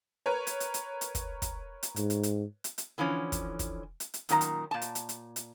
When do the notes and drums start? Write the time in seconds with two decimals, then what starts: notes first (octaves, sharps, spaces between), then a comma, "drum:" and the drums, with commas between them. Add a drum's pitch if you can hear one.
0.26 A#4 B4 C#5
0.47 drum: hi-hat
0.60 drum: hi-hat
0.74 drum: hi-hat
1.01 drum: hi-hat
1.15 drum: kick, hi-hat
1.42 drum: kick, hi-hat
1.83 drum: hi-hat
1.96 G#2, drum: hi-hat
2.10 drum: hi-hat
2.23 drum: hi-hat
2.64 drum: hi-hat
2.78 drum: hi-hat
2.98 D3 E3 F3 C#4
3.32 drum: kick, hi-hat
3.59 drum: kick, hi-hat
4.00 drum: hi-hat
4.14 drum: hi-hat
4.29 F#2 A#2 D#3 F4 A#5, drum: hi-hat
4.41 drum: hi-hat
4.71 A#2 A5
4.82 drum: hi-hat
4.95 drum: hi-hat
5.09 drum: hi-hat
5.36 drum: hi-hat